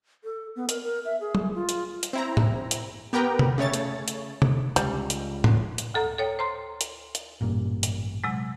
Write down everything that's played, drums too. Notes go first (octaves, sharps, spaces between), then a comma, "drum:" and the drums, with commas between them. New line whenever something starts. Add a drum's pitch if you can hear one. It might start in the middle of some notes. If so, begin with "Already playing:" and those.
A4
B3
A#4, drum: hi-hat
A#4
E5
G#4
drum: tom F#3
F4
drum: hi-hat
drum: hi-hat
C4 E4 A#5
drum: tom A2
drum: hi-hat
B3 G4 A#4 B4 G5 A#5
drum: tom C3
C#3 A3 C#5 A6
drum: hi-hat
drum: hi-hat
drum: tom C3
C#2 G3, drum: hi-hat
drum: hi-hat
drum: tom A2
drum: hi-hat
D2 A4 A#5
A4 C#5 G5
C5 A#5 C6
drum: hi-hat
drum: hi-hat
A1 G2 A#2
drum: hi-hat
C3 F#3 G#3